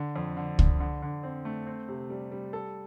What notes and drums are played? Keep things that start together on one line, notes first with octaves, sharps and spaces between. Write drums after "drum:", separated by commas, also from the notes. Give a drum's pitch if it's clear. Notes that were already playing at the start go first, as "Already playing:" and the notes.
Already playing: D3
F2
D3
D3, drum: kick
D3
D3
C4
A3
C4
C3
G3
G3
A4